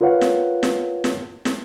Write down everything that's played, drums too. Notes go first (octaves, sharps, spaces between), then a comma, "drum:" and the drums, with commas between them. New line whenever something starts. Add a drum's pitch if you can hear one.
F4 A#4 B4 C#5 F5 F#5
drum: snare
drum: snare
drum: snare
drum: snare